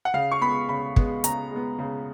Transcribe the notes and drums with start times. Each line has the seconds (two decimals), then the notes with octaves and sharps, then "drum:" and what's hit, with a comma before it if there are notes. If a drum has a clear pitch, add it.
0.05 F#5
0.14 C#3 F5
0.32 C#6
0.41 G#3 B3 B5
0.69 C#3 B5
0.96 G#3 B3, drum: kick
1.24 C#3 A#5, drum: hi-hat
1.51 G#3 B3
1.79 C#3